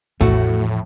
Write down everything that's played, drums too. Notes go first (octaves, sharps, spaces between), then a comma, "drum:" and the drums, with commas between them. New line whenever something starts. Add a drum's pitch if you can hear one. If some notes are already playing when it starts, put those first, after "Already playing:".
E2 A2 F3 A3 F#4, drum: kick